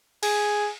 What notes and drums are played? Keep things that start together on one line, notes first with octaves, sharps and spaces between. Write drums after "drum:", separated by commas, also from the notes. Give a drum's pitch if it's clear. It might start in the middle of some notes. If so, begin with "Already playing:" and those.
G#4, drum: cymbal